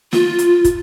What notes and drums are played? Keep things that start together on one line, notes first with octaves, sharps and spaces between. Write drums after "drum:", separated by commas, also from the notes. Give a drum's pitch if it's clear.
F4, drum: snare
drum: hi-hat
drum: kick, hi-hat